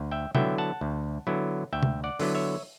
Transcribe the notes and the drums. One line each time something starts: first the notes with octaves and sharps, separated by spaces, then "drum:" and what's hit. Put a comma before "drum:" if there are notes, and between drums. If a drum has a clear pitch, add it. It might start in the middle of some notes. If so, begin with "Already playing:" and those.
Already playing: D2
E5 G5
D3 F#3 B3 E4 E5 G5, drum: tom C3
F#5 A5
D2
D3 F#3 B3 E4
D2 E5 G5
drum: tom C3
D5 F#5
D3 F#3 B3 E4, drum: open hi-hat
C#5 E5